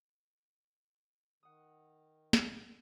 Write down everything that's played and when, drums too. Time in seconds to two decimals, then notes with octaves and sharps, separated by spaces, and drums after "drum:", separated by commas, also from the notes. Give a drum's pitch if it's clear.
1.43 D#3 F#5 D#6
2.33 drum: snare